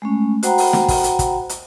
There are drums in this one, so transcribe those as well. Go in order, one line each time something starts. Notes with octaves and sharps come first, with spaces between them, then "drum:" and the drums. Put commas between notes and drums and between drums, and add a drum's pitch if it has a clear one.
G#3 A3 C#4
F#4 C5 F#5 G5 A#5 B5, drum: hi-hat
drum: open hi-hat
drum: snare
drum: kick, open hi-hat
drum: hi-hat
drum: kick, hi-hat
drum: hi-hat